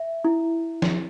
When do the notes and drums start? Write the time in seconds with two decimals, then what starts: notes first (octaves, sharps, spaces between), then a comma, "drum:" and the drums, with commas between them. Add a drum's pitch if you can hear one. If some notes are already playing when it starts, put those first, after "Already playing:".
Already playing: E5
0.24 E4
0.82 drum: snare